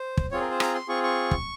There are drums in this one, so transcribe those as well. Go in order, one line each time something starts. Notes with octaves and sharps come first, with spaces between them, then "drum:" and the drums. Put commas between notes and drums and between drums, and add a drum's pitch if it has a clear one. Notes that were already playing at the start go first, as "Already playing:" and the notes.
Already playing: C5
drum: kick
C4 F4 G#4 C#5
A#4
C5
A#5, drum: rim click
C6
C4 F4 G#4 C#6
C#6
drum: kick